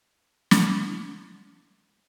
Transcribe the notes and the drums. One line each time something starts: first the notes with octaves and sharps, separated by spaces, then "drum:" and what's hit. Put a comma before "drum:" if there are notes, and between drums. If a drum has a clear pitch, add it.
drum: snare
C5 D#5 F#5